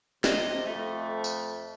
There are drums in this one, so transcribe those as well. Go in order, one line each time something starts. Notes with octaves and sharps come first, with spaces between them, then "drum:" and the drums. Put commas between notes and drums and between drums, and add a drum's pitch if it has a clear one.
C3 D#5, drum: snare
F2 A3
drum: tambourine